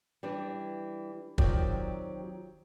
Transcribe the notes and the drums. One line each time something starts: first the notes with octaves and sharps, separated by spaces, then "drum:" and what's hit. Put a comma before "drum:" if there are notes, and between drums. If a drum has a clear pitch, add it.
E3 G3 D4
D#3 F#3 C4 F4 G4 D5, drum: kick